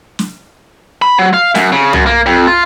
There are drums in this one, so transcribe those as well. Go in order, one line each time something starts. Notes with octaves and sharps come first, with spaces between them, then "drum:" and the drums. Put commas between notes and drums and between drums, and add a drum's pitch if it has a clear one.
drum: snare
B5
F#3
F5
F#2, drum: snare
C#3
F#2, drum: tom
A#3
F2
F4